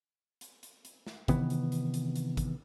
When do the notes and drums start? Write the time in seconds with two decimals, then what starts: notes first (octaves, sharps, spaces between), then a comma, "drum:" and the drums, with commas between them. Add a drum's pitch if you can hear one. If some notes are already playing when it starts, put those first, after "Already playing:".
0.41 drum: hi-hat
0.63 drum: hi-hat
0.85 drum: hi-hat
1.07 drum: snare
1.28 C3 D#3 E3 B3, drum: kick, hi-hat
1.50 drum: hi-hat
1.72 drum: hi-hat
1.94 drum: hi-hat
2.16 drum: hi-hat
2.37 drum: kick, hi-hat